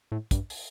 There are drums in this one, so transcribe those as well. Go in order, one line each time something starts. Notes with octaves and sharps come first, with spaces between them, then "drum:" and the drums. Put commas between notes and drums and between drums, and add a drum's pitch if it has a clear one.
A2
G2, drum: kick, hi-hat
drum: open hi-hat